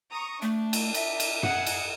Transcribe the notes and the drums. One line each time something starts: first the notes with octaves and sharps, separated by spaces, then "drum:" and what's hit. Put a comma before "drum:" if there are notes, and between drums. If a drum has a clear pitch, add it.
A#5 C#6 D#6
A3 D4
drum: cymbal
E5, drum: cymbal
drum: cymbal
G#4 F#5, drum: tom
drum: cymbal